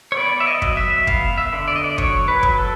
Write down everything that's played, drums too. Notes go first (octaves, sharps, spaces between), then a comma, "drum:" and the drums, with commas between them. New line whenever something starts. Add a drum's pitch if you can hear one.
C#5
B3 D5
E5
D#5
F#3, drum: kick
E5
B3 F5, drum: kick
E5
D3
D5
D#5
D5
F#3 C#5, drum: kick
B4
F#3, drum: kick
A4